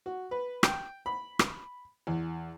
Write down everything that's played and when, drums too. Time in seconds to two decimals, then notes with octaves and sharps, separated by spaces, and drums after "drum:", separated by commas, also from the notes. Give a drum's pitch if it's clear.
0.06 F#4
0.31 B4
0.63 G5, drum: rim click
1.06 B5
1.39 drum: rim click
2.07 E2